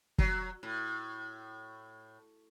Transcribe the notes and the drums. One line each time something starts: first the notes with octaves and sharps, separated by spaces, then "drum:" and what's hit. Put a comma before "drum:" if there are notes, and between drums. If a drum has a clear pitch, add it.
F#3, drum: kick
A2